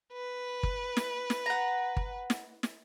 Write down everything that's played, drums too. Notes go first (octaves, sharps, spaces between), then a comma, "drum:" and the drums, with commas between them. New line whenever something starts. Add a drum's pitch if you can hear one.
B4
drum: kick G1
drum: snare
drum: snare
F#5 A#5
drum: kick G1
drum: snare
drum: snare